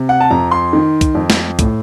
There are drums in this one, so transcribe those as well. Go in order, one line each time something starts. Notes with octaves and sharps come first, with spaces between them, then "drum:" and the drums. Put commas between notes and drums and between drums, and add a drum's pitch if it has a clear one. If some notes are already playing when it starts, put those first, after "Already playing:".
Already playing: C3
F#5
A5
F2 A#5
C6
D#3
drum: kick, hi-hat
F2
drum: snare
A2, drum: kick, hi-hat